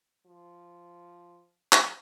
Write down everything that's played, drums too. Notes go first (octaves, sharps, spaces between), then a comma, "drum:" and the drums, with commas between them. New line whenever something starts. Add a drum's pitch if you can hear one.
F3
drum: clap